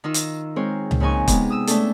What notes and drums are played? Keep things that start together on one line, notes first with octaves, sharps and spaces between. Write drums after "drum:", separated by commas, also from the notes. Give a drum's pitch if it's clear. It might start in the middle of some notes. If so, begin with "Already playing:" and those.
D#3 D#4 F4 E6
drum: hi-hat
G#3 C4 A#4 C5 C#5
drum: tom C#2
A#2 C#3 F3 D#4 G#5 C#6
C3 G#3 B3, drum: kick, hi-hat
D#6 E6
A3 C#4 D4 A4, drum: hi-hat